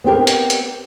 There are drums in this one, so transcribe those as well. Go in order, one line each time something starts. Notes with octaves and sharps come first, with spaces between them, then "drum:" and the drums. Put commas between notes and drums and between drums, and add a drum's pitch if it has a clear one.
B3 C4 G4 A#4
drum: hi-hat
drum: hi-hat